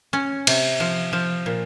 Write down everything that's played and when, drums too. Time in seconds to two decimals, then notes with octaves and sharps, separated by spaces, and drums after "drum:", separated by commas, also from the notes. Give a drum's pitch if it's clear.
0.13 C#4
0.47 C3, drum: cymbal
0.80 F3
1.13 F3
1.46 A#2